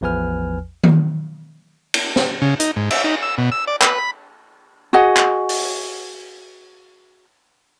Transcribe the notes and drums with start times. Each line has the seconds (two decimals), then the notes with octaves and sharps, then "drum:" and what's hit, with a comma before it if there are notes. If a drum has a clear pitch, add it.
0.01 A1 E2 F3 B4 G#5 F6
0.83 drum: tom D#3
1.94 drum: cymbal
2.16 drum: snare
2.42 C#3
2.60 D#4, drum: hi-hat
2.76 G#2
2.90 E5, drum: cymbal
3.04 D#4
3.23 E6
3.38 B2
3.52 E6
3.68 D5
3.82 B4, drum: clap
3.98 B5
4.93 F#4 G#4 D#5 F#5
5.17 drum: clap
5.49 drum: open hi-hat